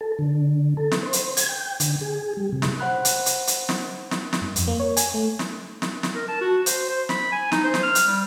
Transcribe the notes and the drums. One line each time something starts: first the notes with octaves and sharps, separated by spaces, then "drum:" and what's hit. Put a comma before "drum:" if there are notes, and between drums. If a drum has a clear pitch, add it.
A4
D3
A4
drum: snare
C5
drum: hi-hat
G#6, drum: hi-hat
G5
D3, drum: hi-hat
G#4
G3
C3
drum: snare
C5 F#5 B5 F#6
drum: hi-hat
drum: hi-hat
drum: hi-hat
drum: snare
drum: snare
drum: snare
G2
F2, drum: hi-hat
A#3
C#5
G#5, drum: hi-hat
A3
drum: snare
drum: snare
drum: snare
A#4
A5
F#4
C5, drum: hi-hat
C5
B5, drum: snare
G#5
D#4, drum: snare
C5
drum: snare
F6
drum: hi-hat
G3